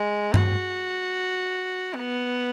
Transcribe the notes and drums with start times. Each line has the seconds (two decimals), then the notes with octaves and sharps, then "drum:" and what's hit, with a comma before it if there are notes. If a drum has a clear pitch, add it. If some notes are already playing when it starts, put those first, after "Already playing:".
Already playing: G#3
0.34 F#4, drum: tom G2
1.94 B3